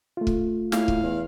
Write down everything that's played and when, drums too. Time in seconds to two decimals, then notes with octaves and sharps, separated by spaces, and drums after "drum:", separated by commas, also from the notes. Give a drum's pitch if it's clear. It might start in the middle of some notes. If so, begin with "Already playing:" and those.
0.17 A3 F4
0.27 drum: kick
0.72 A2 F5, drum: snare
0.88 drum: kick
1.03 E2